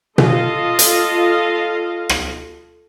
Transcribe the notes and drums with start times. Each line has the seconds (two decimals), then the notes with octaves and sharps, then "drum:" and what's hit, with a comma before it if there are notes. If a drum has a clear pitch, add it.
0.18 F4 A4 D#5 F5, drum: tom B2
0.79 drum: hi-hat
2.09 drum: rim click